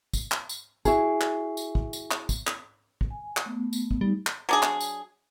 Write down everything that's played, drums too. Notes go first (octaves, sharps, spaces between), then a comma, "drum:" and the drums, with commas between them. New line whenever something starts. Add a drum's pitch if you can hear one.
drum: kick, tambourine
drum: clap
drum: tambourine
E4 F#4 G#4, drum: kick, tambourine
drum: clap
drum: tambourine
drum: kick
drum: tambourine
drum: clap
drum: kick, tambourine
drum: clap
drum: kick
G#5
drum: clap
A3 B3
drum: tambourine
drum: kick
G3 D#4
drum: clap
F#3 D4 G#4
drum: clap
drum: tambourine